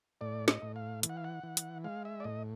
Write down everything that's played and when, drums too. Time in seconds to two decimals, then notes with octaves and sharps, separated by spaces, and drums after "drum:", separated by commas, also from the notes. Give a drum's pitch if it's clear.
0.21 A2 D5
0.48 D#5, drum: snare
0.62 A2
0.76 F5
1.03 E3, drum: hi-hat
1.09 F#5
1.17 F5
1.24 F#5
1.43 E3
1.57 drum: hi-hat
1.84 G#3 F5
2.05 E5
2.20 D5
2.24 A2 D#5